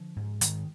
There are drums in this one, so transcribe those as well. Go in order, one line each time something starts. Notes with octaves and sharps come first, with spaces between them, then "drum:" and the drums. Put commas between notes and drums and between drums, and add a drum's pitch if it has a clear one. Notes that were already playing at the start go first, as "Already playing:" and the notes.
Already playing: D3 F3
G#2
G#2 D#3, drum: hi-hat